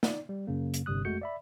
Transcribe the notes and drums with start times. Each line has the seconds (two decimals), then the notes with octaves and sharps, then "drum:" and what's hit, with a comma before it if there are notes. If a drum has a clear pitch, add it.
0.03 D#4 D5, drum: snare
0.29 G3
0.47 F#2 C#3 A#3
0.74 drum: hi-hat
0.86 G1 G2 C3 G3 D#6 F#6
1.05 F2 G#3 A3 F#4 G6 C#7
1.22 D5 E5 B5